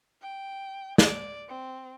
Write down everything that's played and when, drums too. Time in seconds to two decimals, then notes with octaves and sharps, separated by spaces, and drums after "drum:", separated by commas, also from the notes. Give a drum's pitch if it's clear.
0.22 G5
0.98 D5, drum: snare
1.49 C4